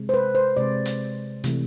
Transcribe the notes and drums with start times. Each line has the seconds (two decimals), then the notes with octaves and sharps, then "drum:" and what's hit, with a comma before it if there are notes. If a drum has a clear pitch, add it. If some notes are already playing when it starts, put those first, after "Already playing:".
Already playing: C3 G#3
0.09 C5
0.14 B4
0.35 C5
0.57 C3 G#3 D5
0.86 drum: hi-hat
1.44 C3 E3 A3, drum: hi-hat